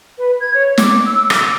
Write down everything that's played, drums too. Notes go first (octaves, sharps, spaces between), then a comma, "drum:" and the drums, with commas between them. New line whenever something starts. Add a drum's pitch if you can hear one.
B4
G#6
C#5
D6, drum: snare
E6
D6, drum: rim click